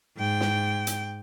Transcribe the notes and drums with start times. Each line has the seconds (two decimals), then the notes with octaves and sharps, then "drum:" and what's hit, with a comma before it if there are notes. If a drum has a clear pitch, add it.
0.17 G#2 G5
0.41 drum: snare
0.87 drum: hi-hat